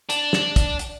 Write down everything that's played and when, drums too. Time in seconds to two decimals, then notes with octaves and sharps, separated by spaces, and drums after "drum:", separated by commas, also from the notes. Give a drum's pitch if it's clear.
0.10 D4, drum: hi-hat
0.33 drum: snare
0.56 drum: kick, hi-hat
0.79 drum: hi-hat